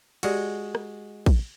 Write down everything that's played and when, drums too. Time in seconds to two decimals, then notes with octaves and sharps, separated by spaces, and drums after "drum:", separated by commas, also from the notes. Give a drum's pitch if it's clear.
0.23 G#3 F#4 G4 D5, drum: cymbal
0.75 drum: rim click
1.26 drum: kick, cymbal